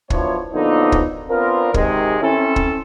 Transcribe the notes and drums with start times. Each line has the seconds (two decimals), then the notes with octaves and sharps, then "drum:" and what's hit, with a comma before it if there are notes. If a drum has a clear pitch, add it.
0.10 F3 F#3 B3 D4 E4 C#5, drum: kick
0.53 D3 F3 F#3 A#3 B3 D#4
0.92 drum: kick
1.29 B3 C4 D4 F4 A#4
1.74 C3 D#3 G#3, drum: kick
2.21 C4 C#4 E4 A4
2.56 drum: kick